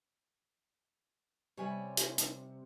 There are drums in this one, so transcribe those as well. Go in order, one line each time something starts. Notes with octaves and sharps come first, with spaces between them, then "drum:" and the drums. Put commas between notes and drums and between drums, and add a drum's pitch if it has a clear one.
C3 G3 C#5 G#5 B5
drum: hi-hat
drum: hi-hat